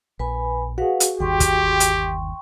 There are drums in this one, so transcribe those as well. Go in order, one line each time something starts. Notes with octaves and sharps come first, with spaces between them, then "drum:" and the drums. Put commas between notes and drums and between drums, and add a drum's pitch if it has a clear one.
A#1 B4 G#5 B5
F#4 G#4 B4 F5 F#5
drum: hi-hat
G1 D#2 G4 G5 C6 C#6
drum: kick, hi-hat
drum: hi-hat